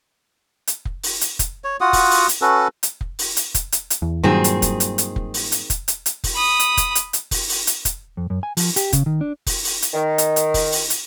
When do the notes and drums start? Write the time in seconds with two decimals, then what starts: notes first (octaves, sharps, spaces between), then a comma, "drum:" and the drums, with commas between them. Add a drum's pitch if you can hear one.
0.67 drum: hi-hat
0.85 drum: kick F1
1.03 drum: open hi-hat
1.21 drum: hi-hat
1.39 drum: kick F1, hi-hat
1.64 C#5
1.81 F4 F#4 F#5 D#6
1.93 drum: kick F1, open hi-hat
2.11 drum: open hi-hat
2.29 drum: hi-hat
2.42 C#4 F#4 A4 B4
2.83 drum: hi-hat
3.01 drum: kick F1
3.19 drum: open hi-hat
3.37 drum: hi-hat
3.54 drum: kick F1, hi-hat
3.72 drum: hi-hat
3.90 drum: hi-hat
4.02 E2
4.24 G2 A#2 D#3 F#3 C4 G#4
4.44 drum: hi-hat
4.62 drum: kick F1, hi-hat
4.80 drum: hi-hat
4.98 drum: hi-hat
5.16 drum: kick F1
5.34 drum: open hi-hat
5.52 drum: hi-hat
5.70 drum: kick F1, hi-hat
5.88 drum: hi-hat
6.06 drum: hi-hat
6.24 drum: kick F1, open hi-hat
6.34 B5 D#6
6.59 drum: hi-hat
6.77 drum: kick F1, hi-hat
6.95 drum: hi-hat
7.13 drum: hi-hat
7.31 drum: kick F1, open hi-hat
7.49 drum: open hi-hat
7.67 drum: hi-hat
7.85 drum: kick F1, hi-hat
8.17 F2
8.30 F#2
8.43 G#5
8.57 F3, drum: open hi-hat
8.76 G4, drum: hi-hat
8.93 C#3, drum: kick F1, hi-hat
9.06 D#3
9.21 D4
9.46 drum: kick F1, open hi-hat
9.64 drum: open hi-hat
9.82 drum: hi-hat
9.94 D#3
10.18 drum: hi-hat
10.36 drum: hi-hat
10.54 drum: kick F1, open hi-hat
10.72 drum: open hi-hat
10.90 drum: hi-hat